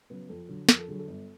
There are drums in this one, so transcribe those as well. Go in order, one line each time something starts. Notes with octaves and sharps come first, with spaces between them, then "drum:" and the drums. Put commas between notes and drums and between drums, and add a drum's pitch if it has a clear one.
C#3 F#3 B3 B4
F2 A4
D3 F#3
F2 A#4, drum: snare
A4
D3 F#3 G#4
A4
G1